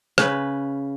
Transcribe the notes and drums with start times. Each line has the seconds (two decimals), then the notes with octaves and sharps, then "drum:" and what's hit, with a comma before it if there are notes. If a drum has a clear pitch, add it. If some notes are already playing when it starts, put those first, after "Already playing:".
0.18 C#3 C#4 B4, drum: rim click